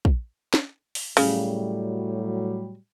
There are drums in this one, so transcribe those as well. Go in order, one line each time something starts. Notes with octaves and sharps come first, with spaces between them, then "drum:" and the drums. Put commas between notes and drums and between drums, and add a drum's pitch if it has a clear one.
drum: kick
drum: snare
drum: open hi-hat
A2 C#3 F#3 G3, drum: open hi-hat